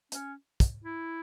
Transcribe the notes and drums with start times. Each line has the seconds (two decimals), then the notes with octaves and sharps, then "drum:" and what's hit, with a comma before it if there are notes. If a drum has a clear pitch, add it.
0.12 C#4, drum: hi-hat
0.60 drum: kick, hi-hat
0.84 E4